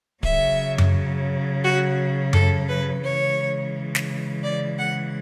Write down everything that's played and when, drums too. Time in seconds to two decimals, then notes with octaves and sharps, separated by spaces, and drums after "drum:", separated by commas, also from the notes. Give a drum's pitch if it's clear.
0.23 C#3 F#3 E5, drum: kick
0.78 drum: tom F#2
1.63 F#4
2.33 A4, drum: tom F#2
2.68 B4
3.03 C#3 E3 G#3 C#5
3.95 drum: snare
4.43 D5
4.78 F#5